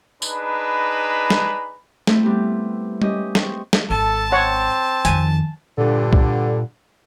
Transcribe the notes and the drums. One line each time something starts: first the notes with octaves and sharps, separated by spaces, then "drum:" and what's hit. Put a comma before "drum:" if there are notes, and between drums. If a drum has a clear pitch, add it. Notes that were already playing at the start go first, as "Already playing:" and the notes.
D4 D#4 G#4 B4 A#5 B5, drum: tambourine
drum: snare
A3 C4 E4, drum: snare
G3 B3 C4 G4
C#4 G4 D#5, drum: tom G3
C4 C#6, drum: snare
drum: snare
G#1 A4 A5
C4 C#5 F#5
F2 D#3 G#5, drum: hi-hat
G2 A#2 D3
drum: kick C2